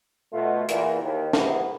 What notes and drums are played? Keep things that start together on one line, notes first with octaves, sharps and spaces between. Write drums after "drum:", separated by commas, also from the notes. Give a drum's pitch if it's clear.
B2 A3 F4
E2 A#2 E3, drum: hi-hat
D#2
E2 G#2 C3 E3 A#3 B3, drum: snare